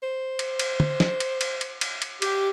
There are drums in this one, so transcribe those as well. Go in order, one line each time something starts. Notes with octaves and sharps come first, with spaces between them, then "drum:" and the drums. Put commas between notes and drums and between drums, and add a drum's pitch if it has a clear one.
C5
drum: cymbal
drum: cymbal
drum: tom
drum: snare
drum: cymbal
drum: cymbal
drum: cymbal
drum: cymbal
drum: cymbal
G4, drum: cymbal